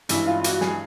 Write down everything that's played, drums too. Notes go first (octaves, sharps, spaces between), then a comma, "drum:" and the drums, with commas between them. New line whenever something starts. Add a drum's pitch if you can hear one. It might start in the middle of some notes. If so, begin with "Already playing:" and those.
G2 E3 G#3 C#4 E4, drum: hi-hat
F4
F#4, drum: hi-hat
G#4, drum: snare